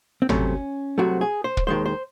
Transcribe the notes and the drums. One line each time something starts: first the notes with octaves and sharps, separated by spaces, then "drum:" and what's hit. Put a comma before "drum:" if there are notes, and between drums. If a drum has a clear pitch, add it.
C4
C2 C3 F#3 A3 C#4, drum: tom G#1
C2 C3 F#3 A3 F#4
G#4
C5
drum: kick
D#2 D#3 G#3 C5
C5